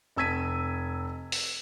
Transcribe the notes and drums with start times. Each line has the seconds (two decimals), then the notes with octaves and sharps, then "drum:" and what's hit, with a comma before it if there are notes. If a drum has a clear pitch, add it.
0.16 F1 A5 E6 G#6 B6 D#7
1.32 drum: open hi-hat